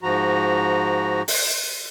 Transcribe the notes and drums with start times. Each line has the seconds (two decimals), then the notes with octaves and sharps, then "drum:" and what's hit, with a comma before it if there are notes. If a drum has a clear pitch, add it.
0.03 G#2 F3 F#4 A#5
1.28 drum: open hi-hat